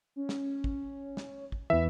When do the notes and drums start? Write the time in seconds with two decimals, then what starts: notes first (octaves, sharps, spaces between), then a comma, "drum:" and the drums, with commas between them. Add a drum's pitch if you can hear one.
0.16 C#4
0.29 drum: snare
0.64 drum: kick
1.17 drum: snare
1.52 drum: kick
1.70 E2 E3 E5